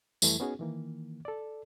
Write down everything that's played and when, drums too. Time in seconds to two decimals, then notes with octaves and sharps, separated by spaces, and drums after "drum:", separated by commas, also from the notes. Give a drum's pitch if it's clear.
0.22 F2 E3 G3 A3 E4, drum: tambourine
0.40 B3 C#4 D#4 F#4 G#4
0.59 D#3 E3 A#3
1.25 A4 D5